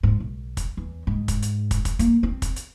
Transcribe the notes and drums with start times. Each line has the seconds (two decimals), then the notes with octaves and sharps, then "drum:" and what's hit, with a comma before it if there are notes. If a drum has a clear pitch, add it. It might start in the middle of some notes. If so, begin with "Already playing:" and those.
0.03 G#2
0.20 B1
0.57 drum: kick, hi-hat
0.77 E2
1.07 G#2
1.28 drum: kick, hi-hat
1.42 drum: hi-hat
1.71 drum: kick, hi-hat
1.85 drum: kick, hi-hat
1.99 A#3, drum: hi-hat
2.23 C4
2.42 drum: kick, hi-hat
2.56 drum: hi-hat